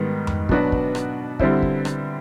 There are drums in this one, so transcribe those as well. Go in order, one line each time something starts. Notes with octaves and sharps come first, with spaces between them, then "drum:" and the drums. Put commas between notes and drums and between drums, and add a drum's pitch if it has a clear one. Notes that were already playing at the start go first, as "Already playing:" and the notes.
Already playing: G#2 D#3 G3 B3
drum: tom F2
B2 F#3 B3 D4 F#4, drum: kick
drum: kick
drum: rim click
D3 G3 C4 E4, drum: kick
drum: kick
drum: rim click